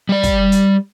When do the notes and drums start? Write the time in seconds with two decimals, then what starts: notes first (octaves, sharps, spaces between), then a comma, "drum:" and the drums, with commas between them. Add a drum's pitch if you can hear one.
0.09 G3 D5
0.23 drum: kick, hi-hat
0.52 drum: hi-hat